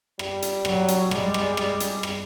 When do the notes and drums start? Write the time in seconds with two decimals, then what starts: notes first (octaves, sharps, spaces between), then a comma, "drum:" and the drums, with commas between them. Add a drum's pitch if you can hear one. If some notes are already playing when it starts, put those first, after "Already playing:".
0.19 G3, drum: rim click
0.42 drum: hi-hat
0.65 F#3, drum: rim click
0.88 drum: hi-hat
1.11 G3 G#3, drum: rim click
1.34 drum: rim click
1.57 drum: rim click
1.80 drum: hi-hat
2.03 drum: rim click